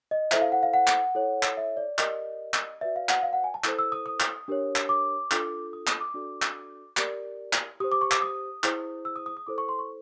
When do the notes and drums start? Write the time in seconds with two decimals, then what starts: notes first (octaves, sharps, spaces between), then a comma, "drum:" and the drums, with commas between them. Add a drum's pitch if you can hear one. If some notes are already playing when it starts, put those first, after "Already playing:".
0.11 D#5
0.32 E4 A4 C5 E5, drum: clap
0.42 F5
0.52 F#5
0.63 F5
0.73 F#5
0.87 drum: clap
1.15 E4 A4 C#5
1.43 drum: clap
1.57 E5
1.77 D5
1.98 G4 A#4 D5 D#5, drum: clap
2.54 drum: clap
2.81 F#4 B4 D5 E5
2.96 F5
3.09 F#5, drum: clap
3.23 F5
3.33 F#5
3.44 G#5
3.54 A5
3.64 E4 A4 C5 D#6, drum: clap
3.79 E6
3.92 D#6
4.06 D#6
4.20 drum: clap
4.48 D4 G4 A#4 C#5
4.76 drum: clap
4.89 D6
5.31 D4 F4 A4, drum: clap
5.73 D#6
5.87 D#6, drum: clap
6.00 D6
6.14 D4 F#4 A4 D5
6.42 drum: clap
6.97 G4 A#4 D5, drum: clap
7.53 drum: clap
7.80 G4 C5 D#6
7.92 D6
8.01 C#6
8.11 D6, drum: clap
8.22 D#6
8.64 E4 G#4 C5, drum: clap
9.05 E6
9.16 D#6
9.26 D#6
9.37 D#6
9.47 E4 A4 C5 D6
9.58 C#6
9.69 C6
9.79 C#6